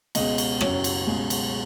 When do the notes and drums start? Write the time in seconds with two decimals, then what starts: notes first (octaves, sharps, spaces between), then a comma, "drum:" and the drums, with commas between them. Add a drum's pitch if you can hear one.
0.15 C#2 B2 G#3 B3 D#5, drum: cymbal
0.38 drum: cymbal
0.61 F#1 F#2 F#3 C#4 C#5, drum: rim click
0.84 drum: cymbal
1.07 C#2 B2 G#3 C#4 G#4
1.30 drum: cymbal